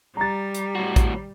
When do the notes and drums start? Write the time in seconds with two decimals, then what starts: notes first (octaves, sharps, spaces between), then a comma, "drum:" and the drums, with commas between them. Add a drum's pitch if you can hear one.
0.17 G3 A#5 A6
0.55 drum: hi-hat
0.75 A2 F#4
0.96 drum: kick A1, hi-hat